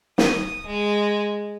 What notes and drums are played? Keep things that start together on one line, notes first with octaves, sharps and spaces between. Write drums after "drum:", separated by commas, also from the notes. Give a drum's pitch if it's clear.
D#6, drum: snare
G#3